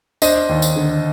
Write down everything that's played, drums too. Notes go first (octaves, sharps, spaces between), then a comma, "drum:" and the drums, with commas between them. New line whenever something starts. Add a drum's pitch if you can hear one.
D4 C5 D#5, drum: tambourine
D#2
drum: tambourine
D3